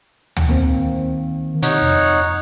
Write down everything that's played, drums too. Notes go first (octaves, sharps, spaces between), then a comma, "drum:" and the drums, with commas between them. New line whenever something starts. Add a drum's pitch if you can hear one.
drum: tom D2
D#3 A#3 C4
C3 D#4 C#5 F#5, drum: hi-hat
F2